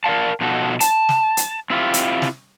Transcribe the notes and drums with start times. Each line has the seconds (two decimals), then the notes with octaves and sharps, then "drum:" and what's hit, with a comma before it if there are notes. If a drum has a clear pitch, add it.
0.04 A#4 D5 D#5 F5 A5
0.41 B2 F3 D#4 F#4 A4
0.80 A5, drum: hi-hat
1.09 drum: snare
1.37 drum: hi-hat
1.70 C4 E4 F4 G4
1.94 drum: hi-hat
2.22 drum: snare